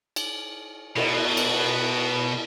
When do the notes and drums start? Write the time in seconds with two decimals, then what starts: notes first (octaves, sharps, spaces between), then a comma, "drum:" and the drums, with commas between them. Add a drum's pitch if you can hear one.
0.16 drum: cymbal
0.97 B2, drum: cymbal
1.37 B3, drum: cymbal